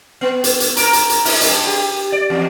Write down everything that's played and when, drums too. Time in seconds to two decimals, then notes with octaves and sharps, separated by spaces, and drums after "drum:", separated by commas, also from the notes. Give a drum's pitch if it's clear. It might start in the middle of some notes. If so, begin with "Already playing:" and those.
0.21 B3
0.44 drum: hi-hat
0.60 drum: hi-hat
0.77 A#4, drum: hi-hat
0.93 drum: hi-hat
1.10 drum: hi-hat
1.25 D#4, drum: open hi-hat
1.41 G2, drum: hi-hat
1.67 G4
2.12 D5
2.30 E2